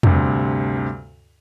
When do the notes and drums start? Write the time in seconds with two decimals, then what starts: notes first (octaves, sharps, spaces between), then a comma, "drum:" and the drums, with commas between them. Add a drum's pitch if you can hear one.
0.03 D2 G2 C3, drum: tom E2